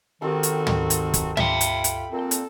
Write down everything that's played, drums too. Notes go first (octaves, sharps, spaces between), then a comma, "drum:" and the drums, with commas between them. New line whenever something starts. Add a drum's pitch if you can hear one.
D#3 C4 F#4 G4 A4
drum: hi-hat
drum: tom
drum: hi-hat
drum: kick, hi-hat
F4 E5 G5 B5, drum: tom
drum: hi-hat
drum: hi-hat
A#2 C4 A4
drum: hi-hat